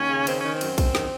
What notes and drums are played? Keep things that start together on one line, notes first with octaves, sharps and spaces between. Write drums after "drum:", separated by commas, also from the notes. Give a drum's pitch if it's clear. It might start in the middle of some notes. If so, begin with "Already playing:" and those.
Already playing: D#2 C#4
C#3
D#3 C4, drum: cymbal
D#3 C#4
C4
F#2, drum: cymbal
F#2, drum: kick A#1, cymbal
D#3, drum: snare